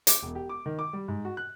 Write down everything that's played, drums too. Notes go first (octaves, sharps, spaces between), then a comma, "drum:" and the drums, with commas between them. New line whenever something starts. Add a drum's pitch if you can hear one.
D6, drum: hi-hat
E1
G4
D6
D#3
D6
G3
G#2
F#4
F#6